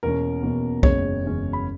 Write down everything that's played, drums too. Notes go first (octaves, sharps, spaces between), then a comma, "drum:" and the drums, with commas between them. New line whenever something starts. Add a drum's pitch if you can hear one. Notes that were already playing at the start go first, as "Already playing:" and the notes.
E2 B2 A#3 C#4 A#4
E2 B2 A#3 C#4
F#1 E2 C#3 G#3 C#4 C#5, drum: kick B1
F#1 E2 C#3 G#3 C#4
B5